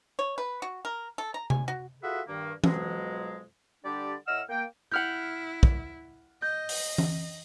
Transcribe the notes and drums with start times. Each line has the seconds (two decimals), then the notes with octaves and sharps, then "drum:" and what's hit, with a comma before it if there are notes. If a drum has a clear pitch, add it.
0.19 C#5
0.38 B4
0.62 F#4
0.85 A#4
1.18 A4
1.34 A#5
1.50 G#5, drum: tom C3
1.68 F#4
2.02 F4 F#4 G#4 A4 B4 E5
2.27 G2 D#3 A#3
2.64 F2 B2 F#3 G#3, drum: tom E3
3.84 D3 G3 D4 G4 D5
4.27 A2 D#5 F#5 E6 F6
4.49 A#3 G5
4.91 E4 F#5 F6 G6
5.63 drum: kick
6.42 D#5 G6
6.69 drum: open hi-hat
6.98 drum: tom E3